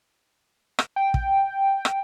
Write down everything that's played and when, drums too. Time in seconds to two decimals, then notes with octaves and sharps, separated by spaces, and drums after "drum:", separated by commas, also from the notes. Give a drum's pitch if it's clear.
0.79 drum: rim click
0.96 G5
1.14 drum: kick
1.85 drum: rim click